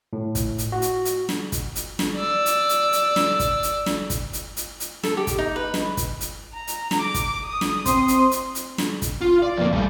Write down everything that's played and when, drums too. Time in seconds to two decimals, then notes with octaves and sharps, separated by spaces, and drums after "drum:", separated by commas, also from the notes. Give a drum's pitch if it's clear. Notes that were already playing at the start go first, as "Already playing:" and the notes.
0.13 A2
0.35 drum: kick, hi-hat
0.58 drum: hi-hat
0.72 F#4
0.82 drum: hi-hat
1.05 drum: hi-hat
1.29 drum: snare
1.52 drum: kick, hi-hat
1.75 drum: hi-hat
1.99 drum: snare
2.16 D5 E6
2.46 drum: hi-hat
2.69 drum: hi-hat
2.93 drum: hi-hat
3.16 drum: snare
3.39 drum: kick, hi-hat
3.63 drum: hi-hat
3.86 drum: snare
4.10 drum: kick, hi-hat
4.33 drum: hi-hat
4.57 drum: hi-hat
4.80 drum: hi-hat
5.03 A4, drum: snare
5.17 G4
5.27 drum: kick, hi-hat
5.38 D#4
5.56 B4
5.74 drum: snare
5.97 drum: kick, hi-hat
6.21 drum: hi-hat
6.54 A#5
6.67 drum: hi-hat
6.91 drum: snare
7.00 D6
7.14 drum: kick, hi-hat
7.47 D#6
7.61 drum: snare
7.86 C4 C6, drum: kick, hi-hat
8.08 drum: hi-hat
8.31 drum: hi-hat
8.55 drum: hi-hat
8.78 drum: snare
9.02 drum: kick, hi-hat
9.21 F4
9.43 D5
9.57 F2 A#3
9.73 G3 A3, drum: kick